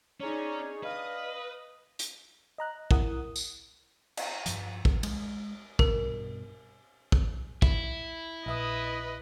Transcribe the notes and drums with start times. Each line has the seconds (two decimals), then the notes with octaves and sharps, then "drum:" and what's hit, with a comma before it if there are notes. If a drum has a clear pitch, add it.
0.20 C#4 D#4 G#4 C#5 D5 A#5
0.83 D4 B4 D#5 F5 D#6
1.99 drum: hi-hat
2.58 D#5 A#5 F#6
2.91 E4 A#4 F#5 D#6, drum: kick
3.36 drum: tambourine
4.17 drum: cymbal
4.46 G2 F3, drum: hi-hat
4.85 drum: kick
5.03 G#3, drum: cymbal
5.79 G2 B2 A#4, drum: kick
7.12 drum: kick
7.62 E4, drum: kick
8.46 A#1 B4 D#5 E5 D#6